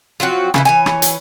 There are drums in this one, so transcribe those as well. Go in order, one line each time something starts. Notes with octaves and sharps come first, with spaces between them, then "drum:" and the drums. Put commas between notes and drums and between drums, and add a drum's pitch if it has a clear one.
F3 F#3 C4 F#4
C#3 E3 E4, drum: rim click
E3 C#5 G#5
drum: rim click
drum: hi-hat